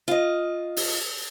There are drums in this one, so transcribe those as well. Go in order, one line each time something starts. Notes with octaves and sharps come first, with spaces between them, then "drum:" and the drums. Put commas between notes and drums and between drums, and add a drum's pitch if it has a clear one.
F4 D#5
drum: open hi-hat